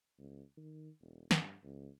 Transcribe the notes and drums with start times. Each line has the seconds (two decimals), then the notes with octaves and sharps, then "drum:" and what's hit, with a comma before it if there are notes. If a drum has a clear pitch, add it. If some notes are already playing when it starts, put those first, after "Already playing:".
0.18 C#2
0.57 D#3
1.01 E1
1.31 G2, drum: snare
1.63 C#2